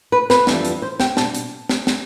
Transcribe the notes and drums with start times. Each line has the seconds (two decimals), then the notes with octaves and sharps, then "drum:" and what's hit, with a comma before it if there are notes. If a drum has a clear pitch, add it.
0.12 B4
0.30 B4, drum: snare
0.47 F2 E3 G3 D4, drum: snare
0.65 drum: hi-hat
0.82 C5
1.00 G5, drum: snare
1.17 B2 G3 D4 A5, drum: snare
1.35 drum: hi-hat
1.69 drum: snare
1.87 drum: snare